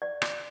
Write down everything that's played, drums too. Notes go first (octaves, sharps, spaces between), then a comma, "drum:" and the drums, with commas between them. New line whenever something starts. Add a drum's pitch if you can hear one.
D5
drum: rim click